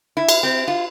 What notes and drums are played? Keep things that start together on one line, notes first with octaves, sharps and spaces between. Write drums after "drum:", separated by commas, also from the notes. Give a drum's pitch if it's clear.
E4
drum: cymbal
C4
F4